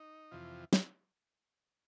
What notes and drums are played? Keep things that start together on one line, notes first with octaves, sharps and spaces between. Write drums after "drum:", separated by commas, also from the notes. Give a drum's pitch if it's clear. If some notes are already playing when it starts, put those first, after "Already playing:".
Already playing: D#4
F2 C3 E3 F4
drum: snare